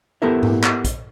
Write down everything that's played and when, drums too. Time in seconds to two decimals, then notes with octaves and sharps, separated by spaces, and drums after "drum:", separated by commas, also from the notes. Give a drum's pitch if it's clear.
0.22 B3 E4 G4 A4 A#4 E5
0.43 drum: tom G#2
0.64 drum: clap
0.84 drum: kick, hi-hat